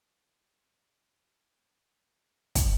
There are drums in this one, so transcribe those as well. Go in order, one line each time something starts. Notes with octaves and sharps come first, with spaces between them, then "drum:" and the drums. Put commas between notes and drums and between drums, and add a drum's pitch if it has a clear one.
F4
A#3
E4
G4
G#3
B5
drum: kick, hi-hat